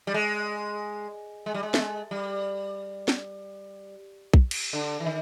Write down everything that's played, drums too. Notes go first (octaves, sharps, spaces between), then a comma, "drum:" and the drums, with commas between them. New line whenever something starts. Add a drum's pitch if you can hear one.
G3
G#3
G#3
G3
G#3
A3, drum: snare
G#3
G3
drum: snare
drum: kick B1
drum: cymbal
D3
E3
D#3